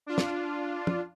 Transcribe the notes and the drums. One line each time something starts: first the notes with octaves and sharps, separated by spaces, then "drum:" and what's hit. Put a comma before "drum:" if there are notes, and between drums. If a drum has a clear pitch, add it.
D4 F4
drum: snare
drum: tom